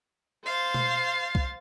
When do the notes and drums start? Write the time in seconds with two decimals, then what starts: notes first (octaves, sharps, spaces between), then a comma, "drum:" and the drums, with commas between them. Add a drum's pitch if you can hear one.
0.44 C5 F5 A6
0.74 drum: tom B2
1.35 drum: kick C2